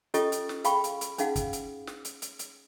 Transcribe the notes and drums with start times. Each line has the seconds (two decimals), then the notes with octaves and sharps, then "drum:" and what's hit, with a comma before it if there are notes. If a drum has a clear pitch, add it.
0.14 C#4 F4 G4 A4 D#5 C#6, drum: hi-hat
0.32 drum: hi-hat
0.49 drum: snare
0.64 G#4 F5 G5 B5 C#6, drum: hi-hat
0.84 drum: hi-hat
1.01 drum: hi-hat
1.18 C#4 D#4 G#4 F5 F#5, drum: hi-hat
1.36 drum: kick, hi-hat
1.53 drum: hi-hat
1.87 drum: snare
2.05 drum: hi-hat
2.22 drum: hi-hat
2.39 drum: hi-hat